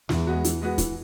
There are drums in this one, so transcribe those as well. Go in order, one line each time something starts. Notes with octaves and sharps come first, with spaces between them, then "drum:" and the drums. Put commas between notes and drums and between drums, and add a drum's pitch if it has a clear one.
E2 E3, drum: snare
G#3 B3 F#4
E3, drum: hi-hat
G#3 B3 F#4
E3, drum: kick, hi-hat